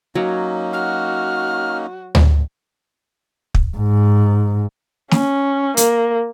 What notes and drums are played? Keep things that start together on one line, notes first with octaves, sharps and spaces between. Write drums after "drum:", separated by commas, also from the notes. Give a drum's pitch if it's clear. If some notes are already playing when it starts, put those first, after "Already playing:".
F#3 A#3 C#4 D#4
F#4 F6
drum: tom D2
drum: kick
G#2
C#4, drum: snare
A#3, drum: hi-hat